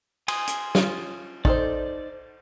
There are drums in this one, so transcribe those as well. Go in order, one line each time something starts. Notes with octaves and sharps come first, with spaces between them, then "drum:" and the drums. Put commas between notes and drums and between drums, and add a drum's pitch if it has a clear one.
G#5 C6 D#6, drum: cymbal
drum: hi-hat
C#4 F4, drum: snare
D#4 A4 C5 D5, drum: kick